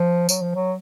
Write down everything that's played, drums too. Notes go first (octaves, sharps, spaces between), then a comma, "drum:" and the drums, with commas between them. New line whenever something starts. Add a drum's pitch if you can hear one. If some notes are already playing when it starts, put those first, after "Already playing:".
Already playing: F3
F#3, drum: tambourine
F3
F#3